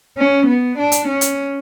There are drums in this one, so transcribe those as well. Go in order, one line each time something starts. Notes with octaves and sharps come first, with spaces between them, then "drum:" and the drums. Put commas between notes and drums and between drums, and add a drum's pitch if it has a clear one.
C#4
B3
D4
drum: hi-hat
C#4
drum: hi-hat